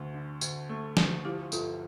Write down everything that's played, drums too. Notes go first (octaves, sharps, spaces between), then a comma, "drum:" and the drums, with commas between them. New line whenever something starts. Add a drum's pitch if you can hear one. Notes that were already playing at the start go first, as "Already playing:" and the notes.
Already playing: D2 A3
D3
D2, drum: tambourine
A3
D2, drum: snare
F3 E4 G4
G1 F4 A4, drum: tambourine